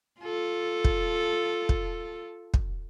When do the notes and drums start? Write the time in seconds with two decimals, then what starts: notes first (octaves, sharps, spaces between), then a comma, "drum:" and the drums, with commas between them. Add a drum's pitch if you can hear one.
0.21 F4 A4
0.85 drum: kick
1.69 drum: kick
2.54 drum: kick